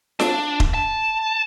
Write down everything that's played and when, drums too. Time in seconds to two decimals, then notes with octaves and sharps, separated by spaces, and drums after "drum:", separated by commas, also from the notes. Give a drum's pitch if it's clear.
0.20 D4, drum: snare F4
0.60 drum: kick D#1
0.74 A5